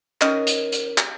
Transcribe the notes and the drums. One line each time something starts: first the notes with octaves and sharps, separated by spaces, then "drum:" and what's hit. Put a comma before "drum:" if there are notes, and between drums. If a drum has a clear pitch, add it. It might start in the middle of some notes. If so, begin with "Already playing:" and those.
D#3 C#4 A#4 D#5, drum: clap
drum: hi-hat
drum: hi-hat
drum: clap